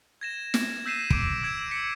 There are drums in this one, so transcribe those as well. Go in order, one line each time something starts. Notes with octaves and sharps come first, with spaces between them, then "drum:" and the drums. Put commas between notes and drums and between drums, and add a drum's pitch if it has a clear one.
G#6 A#6 E7
drum: snare
E6 G6 B6 C7 D#7 E7
D6 D7, drum: kick
E6 G#6 D7 E7
B6 C#7 D7